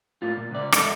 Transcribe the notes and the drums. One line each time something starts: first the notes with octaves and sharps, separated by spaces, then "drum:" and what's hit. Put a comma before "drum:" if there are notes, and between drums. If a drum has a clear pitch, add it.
A2 F4
A#2
C#2 D5
E2 A#2 G#3 A4 D#5, drum: rim click